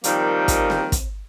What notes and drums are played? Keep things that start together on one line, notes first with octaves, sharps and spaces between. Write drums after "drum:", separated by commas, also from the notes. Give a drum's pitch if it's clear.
D#3 F3 G3 A#3 C4 D#4, drum: hi-hat
drum: kick, hi-hat
drum: snare C4
drum: kick, hi-hat